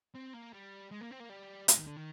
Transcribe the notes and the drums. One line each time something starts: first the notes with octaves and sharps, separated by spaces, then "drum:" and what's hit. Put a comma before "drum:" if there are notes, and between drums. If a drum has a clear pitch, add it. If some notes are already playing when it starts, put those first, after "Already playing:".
C4
A#3
G3
G#3
A#3
C4
A#3
G3
G#3, drum: hi-hat
D#3
D3
D#3